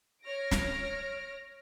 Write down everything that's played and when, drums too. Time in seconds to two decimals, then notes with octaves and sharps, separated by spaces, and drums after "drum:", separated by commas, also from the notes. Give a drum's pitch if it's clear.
0.23 C#5 F6 A#6 D7
0.51 drum: snare